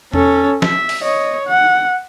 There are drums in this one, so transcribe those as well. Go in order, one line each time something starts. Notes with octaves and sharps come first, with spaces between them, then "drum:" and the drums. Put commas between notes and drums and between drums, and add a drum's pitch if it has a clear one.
C#4 A4, drum: tom E2
E5, drum: snare
drum: open hi-hat
C#5 D#5
F#5